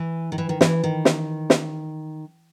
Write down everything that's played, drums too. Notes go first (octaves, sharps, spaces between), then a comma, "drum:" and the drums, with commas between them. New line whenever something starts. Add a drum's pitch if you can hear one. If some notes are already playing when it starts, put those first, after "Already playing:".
Already playing: E3
D#3
E3
D#3
E3, drum: snare
D#3
drum: snare
drum: snare